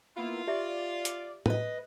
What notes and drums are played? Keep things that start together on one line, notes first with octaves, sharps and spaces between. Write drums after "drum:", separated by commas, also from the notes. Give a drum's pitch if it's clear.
A#3 B3 E4 F4
G4 D5 E5
drum: hi-hat
B4 D#5, drum: tom